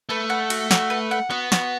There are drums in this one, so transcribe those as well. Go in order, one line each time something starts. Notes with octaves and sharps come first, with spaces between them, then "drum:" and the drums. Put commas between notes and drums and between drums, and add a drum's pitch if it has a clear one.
A3 B4
F#5
F#4, drum: cymbal
F#4, drum: snare
B4
F#5
B3 F#4
F#4, drum: snare